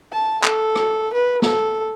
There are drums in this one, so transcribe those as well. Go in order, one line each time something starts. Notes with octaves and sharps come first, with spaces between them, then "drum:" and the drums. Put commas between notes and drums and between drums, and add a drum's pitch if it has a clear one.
A5
A4, drum: clap
drum: rim click
B4
A4, drum: snare